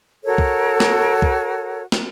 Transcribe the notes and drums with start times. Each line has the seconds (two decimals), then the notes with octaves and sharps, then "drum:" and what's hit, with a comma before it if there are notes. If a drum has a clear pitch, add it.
0.24 F#4 A4 A#4 C#5
0.38 drum: kick
0.80 drum: snare
1.22 drum: kick
1.92 drum: snare